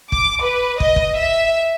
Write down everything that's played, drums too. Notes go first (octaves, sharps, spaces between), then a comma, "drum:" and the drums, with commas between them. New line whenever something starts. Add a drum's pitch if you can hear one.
D6, drum: kick
B4
D#5, drum: kick
drum: kick
E5